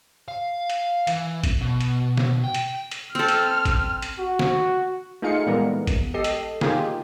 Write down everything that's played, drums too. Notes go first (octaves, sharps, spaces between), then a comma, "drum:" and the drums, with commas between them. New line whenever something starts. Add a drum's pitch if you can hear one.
F5
drum: hi-hat
E3, drum: hi-hat
drum: kick G#1, hi-hat
B2
drum: hi-hat
drum: snare
G5
drum: hi-hat
drum: hi-hat
C4 A4 F6
drum: hi-hat
drum: kick G#1, hi-hat
drum: hi-hat
F#4
drum: snare
A3 D#4 F4 G#4 F5 C#7
A#2 E3 G3 G#3 B3 A#4
drum: kick G#1, hi-hat
G4 A4 D#5 C7
drum: hi-hat
A#3 D#4 F4 G4 G#4, drum: snare